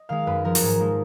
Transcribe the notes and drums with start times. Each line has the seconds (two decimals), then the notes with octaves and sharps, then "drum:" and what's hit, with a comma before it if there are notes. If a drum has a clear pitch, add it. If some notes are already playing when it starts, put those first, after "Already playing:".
Already playing: D#5
0.09 D#3 G#3 F5
0.27 F#2 B4
0.45 F3 G#3 A#4
0.55 F#4, drum: open hi-hat
0.62 G#2 G#4
0.80 F3 G#3